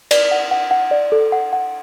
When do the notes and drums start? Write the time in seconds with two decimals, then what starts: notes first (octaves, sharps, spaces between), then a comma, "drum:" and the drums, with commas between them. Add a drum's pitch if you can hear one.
0.11 D5, drum: cymbal
0.31 F#5
0.51 F#5
0.71 F#5
0.91 D5
1.12 A4
1.32 F#5
1.53 F#5